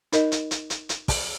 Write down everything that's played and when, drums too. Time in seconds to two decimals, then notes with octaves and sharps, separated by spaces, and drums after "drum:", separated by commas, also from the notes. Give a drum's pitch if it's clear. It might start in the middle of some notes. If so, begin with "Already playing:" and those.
0.12 D#4 A#4 D#5, drum: hi-hat
0.32 drum: hi-hat
0.51 drum: hi-hat
0.70 drum: hi-hat
0.89 drum: hi-hat
1.08 drum: kick, open hi-hat